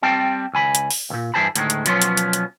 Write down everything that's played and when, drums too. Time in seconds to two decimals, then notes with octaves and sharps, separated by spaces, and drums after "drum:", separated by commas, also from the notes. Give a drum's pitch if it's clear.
0.02 G3 C4 G5 A5
0.53 C#2 G#5 B5
0.75 drum: hi-hat
0.91 drum: open hi-hat
1.10 C#2 A#2
1.34 G2 E3 G#4 C5 A5 B5
1.56 D2 A2 D#3 G3 G#3, drum: hi-hat
1.70 drum: hi-hat
1.86 B2 F3 F#3 B3 C#4 C6, drum: hi-hat
2.02 drum: hi-hat
2.17 drum: hi-hat
2.33 drum: hi-hat